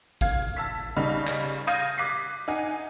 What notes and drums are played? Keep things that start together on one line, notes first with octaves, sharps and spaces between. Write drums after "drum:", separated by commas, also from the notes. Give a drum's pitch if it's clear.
F5 G#6, drum: kick G#1
A5 E6 B6
C#3 G3 D#4
drum: clap
F5 D#6 G6 G#6 A#6 D#7
D6 F#6 B6 C7
D#4 F#5 G#5